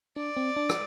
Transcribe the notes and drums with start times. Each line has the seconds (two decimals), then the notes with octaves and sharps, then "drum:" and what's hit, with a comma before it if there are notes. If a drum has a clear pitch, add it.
0.16 D4 D5
0.37 C4
0.56 D4
0.69 drum: rim click